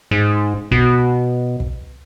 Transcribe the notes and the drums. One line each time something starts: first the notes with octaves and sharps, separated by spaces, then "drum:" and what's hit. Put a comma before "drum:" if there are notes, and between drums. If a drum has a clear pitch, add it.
G#2
B2, drum: kick
drum: kick